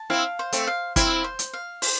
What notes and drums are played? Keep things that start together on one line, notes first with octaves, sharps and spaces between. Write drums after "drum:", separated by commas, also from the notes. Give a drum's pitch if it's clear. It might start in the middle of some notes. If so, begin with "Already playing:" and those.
Already playing: A5
C4 E4 F5
C5
A3 C4, drum: hi-hat
F5
C4 E4 F5, drum: kick, hi-hat
C5
drum: hi-hat
F5
C5, drum: open hi-hat